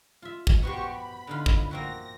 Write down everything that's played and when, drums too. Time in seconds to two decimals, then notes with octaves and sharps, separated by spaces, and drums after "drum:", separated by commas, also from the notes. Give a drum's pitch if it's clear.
0.22 F4 E5
0.47 drum: kick
0.63 B3 F#4 G4 C5 C#6
0.92 B5
1.27 D3 D#4 F4
1.46 drum: kick
1.71 A#3 C4 F#4 A#6